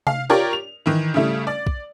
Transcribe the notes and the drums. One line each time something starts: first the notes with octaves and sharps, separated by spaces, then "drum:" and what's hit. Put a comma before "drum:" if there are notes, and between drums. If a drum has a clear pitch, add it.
F5, drum: tom C3
F4 G4 A#4 C#5 D5
F7
D#3 E3
C#3 G3 A3 E4
D5
drum: kick